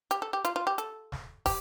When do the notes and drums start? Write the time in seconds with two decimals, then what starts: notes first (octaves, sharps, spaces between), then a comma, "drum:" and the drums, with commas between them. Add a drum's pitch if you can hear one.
0.11 G4, drum: hi-hat
0.22 A4
0.33 G4
0.45 F4, drum: hi-hat
0.56 F4
0.67 G4
0.78 A4, drum: hi-hat
1.12 drum: snare
1.46 G4, drum: kick, open hi-hat